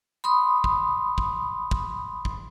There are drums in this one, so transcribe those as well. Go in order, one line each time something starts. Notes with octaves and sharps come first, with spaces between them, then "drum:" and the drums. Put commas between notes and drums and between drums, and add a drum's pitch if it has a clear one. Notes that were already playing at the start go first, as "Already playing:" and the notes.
B5 C6 D#6
drum: kick
drum: kick
drum: kick
drum: kick